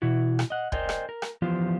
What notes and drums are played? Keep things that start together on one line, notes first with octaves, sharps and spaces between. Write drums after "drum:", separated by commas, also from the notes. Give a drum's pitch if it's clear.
B2 E3 E4 F#4
drum: rim click
D#5 F#5
A#4 C5 D5 D#5 G5 G#5, drum: kick
drum: rim click
A#4
drum: rim click
E3 F3 B3 F4 G4 C5